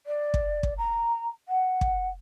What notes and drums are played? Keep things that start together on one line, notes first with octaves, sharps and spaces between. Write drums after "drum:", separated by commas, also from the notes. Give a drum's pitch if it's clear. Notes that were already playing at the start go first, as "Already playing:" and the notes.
D5
drum: kick
drum: kick
A#5
F#5
drum: kick